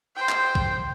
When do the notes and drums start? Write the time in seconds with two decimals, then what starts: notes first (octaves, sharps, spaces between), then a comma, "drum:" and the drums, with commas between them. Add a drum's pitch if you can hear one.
0.16 C5 G5
0.29 drum: clap
0.55 drum: kick